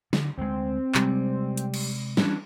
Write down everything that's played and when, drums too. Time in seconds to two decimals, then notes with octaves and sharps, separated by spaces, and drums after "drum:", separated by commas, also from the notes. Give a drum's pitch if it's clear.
0.13 D3, drum: snare
0.38 D2 G#3 C4
0.95 C3 G3 G#3, drum: clap
1.57 drum: hi-hat
1.74 drum: cymbal
2.17 E3 G3 C#4 D4, drum: snare